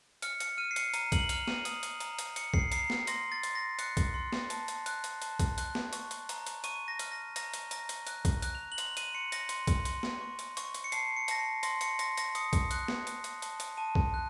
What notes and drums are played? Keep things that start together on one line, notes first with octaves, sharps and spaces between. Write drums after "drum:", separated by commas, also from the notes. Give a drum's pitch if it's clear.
F6 C#7, drum: hi-hat
C#7, drum: hi-hat
F6 D#7
C7
C#7, drum: hi-hat
A#5 D#7, drum: hi-hat
F#7, drum: kick B1, hi-hat
F6 F7, drum: hi-hat
D#7, drum: snare
D#6, drum: hi-hat
drum: hi-hat
A#5, drum: hi-hat
drum: hi-hat
A#5 C#7, drum: hi-hat
C7, drum: kick B1
A#5 C7, drum: hi-hat
drum: snare
C6 A#6, drum: hi-hat
A6
C6, drum: hi-hat
A#6
F#6 C#7, drum: hi-hat
drum: kick B1, hi-hat
C6
drum: snare
A5, drum: hi-hat
drum: hi-hat
F#6, drum: hi-hat
drum: hi-hat
A5, drum: hi-hat
drum: kick B1, hi-hat
F#6, drum: hi-hat
drum: snare
C#6, drum: hi-hat
drum: hi-hat
A#5, drum: hi-hat
drum: hi-hat
C#6 D#7, drum: hi-hat
A#6
F6, drum: hi-hat
A#6
A#5 A#6, drum: hi-hat
drum: hi-hat
A#5 A#6, drum: hi-hat
drum: hi-hat
F#6, drum: hi-hat
drum: kick B1, hi-hat
F#6, drum: hi-hat
F7
F#7
C6 F7, drum: hi-hat
D#7, drum: hi-hat
C6 C#7
A#6, drum: hi-hat
C6, drum: hi-hat
drum: kick B1, hi-hat
C6, drum: hi-hat
drum: snare
C#6
drum: hi-hat
C#6, drum: hi-hat
drum: hi-hat
C#7
A5 C7, drum: hi-hat
C#7
A5 A#6, drum: hi-hat
C7
C6 A#6, drum: hi-hat
C#7, drum: hi-hat
C6 A#6, drum: hi-hat
A#6, drum: hi-hat
D#6 C#7, drum: hi-hat
drum: kick B1, hi-hat
F#6, drum: hi-hat
drum: snare
F#6, drum: hi-hat
drum: hi-hat
A5, drum: hi-hat
drum: hi-hat
A5 D#7
drum: kick B1
F#6